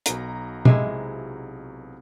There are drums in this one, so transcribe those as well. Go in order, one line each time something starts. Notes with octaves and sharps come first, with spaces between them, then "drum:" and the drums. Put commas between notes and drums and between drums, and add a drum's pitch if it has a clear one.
B1 B2 A#5, drum: hi-hat
C3 G#3 E4, drum: tom B2